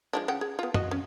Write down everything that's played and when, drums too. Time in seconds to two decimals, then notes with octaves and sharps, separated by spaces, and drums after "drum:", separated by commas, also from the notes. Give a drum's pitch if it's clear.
0.13 F3 G#3 D4
0.28 C#3 F#5 G5
0.41 G#4
0.59 B3 F4
0.74 F#4 D#5, drum: tom
0.91 C#4